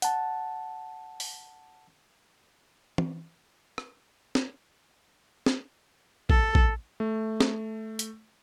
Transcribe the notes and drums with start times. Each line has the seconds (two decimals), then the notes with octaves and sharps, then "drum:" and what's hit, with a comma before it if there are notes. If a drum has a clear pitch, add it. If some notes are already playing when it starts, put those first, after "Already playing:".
0.02 F#5 A5, drum: hi-hat
1.20 drum: open hi-hat
2.98 drum: tom
3.78 drum: rim click
4.35 drum: snare
5.46 drum: snare
6.30 A4, drum: kick
6.55 drum: kick
7.00 A3
7.40 drum: snare
7.99 drum: hi-hat